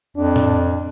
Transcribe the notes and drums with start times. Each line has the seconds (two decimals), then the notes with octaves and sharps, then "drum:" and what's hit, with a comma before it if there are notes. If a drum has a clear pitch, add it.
0.17 F2 D4
0.36 drum: tom A2